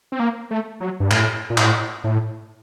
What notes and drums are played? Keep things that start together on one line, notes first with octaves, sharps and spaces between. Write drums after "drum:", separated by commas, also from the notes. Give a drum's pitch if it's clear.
C4
A#3
A3
F#3
G2
A2, drum: clap
A#2
A2, drum: clap
A2